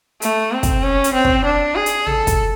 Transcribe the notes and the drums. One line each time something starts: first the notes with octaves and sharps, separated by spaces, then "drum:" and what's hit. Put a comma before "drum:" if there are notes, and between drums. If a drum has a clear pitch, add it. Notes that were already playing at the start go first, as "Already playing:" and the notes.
A3, drum: hi-hat
C4
drum: kick, hi-hat
C#4
drum: hi-hat
C4
drum: kick
D4
G#4
drum: hi-hat
A4, drum: tom
drum: kick, hi-hat